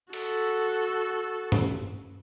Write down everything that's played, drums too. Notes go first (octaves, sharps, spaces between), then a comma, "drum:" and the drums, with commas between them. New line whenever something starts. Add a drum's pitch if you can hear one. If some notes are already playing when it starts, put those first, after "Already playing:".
F#4 A4, drum: cymbal
drum: tom G2